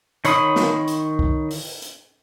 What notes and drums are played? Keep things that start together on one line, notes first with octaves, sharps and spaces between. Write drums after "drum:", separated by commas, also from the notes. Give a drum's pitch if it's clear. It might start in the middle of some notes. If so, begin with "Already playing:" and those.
D#3 C#5 B5 C6 D#6, drum: hi-hat
drum: snare
drum: hi-hat
drum: kick
drum: open hi-hat
drum: hi-hat